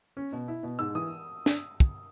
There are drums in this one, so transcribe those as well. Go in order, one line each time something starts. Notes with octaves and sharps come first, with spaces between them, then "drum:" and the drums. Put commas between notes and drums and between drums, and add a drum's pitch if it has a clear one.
C#4
B2
E4
B2
G#2 E6
E3 D#6
drum: snare
drum: kick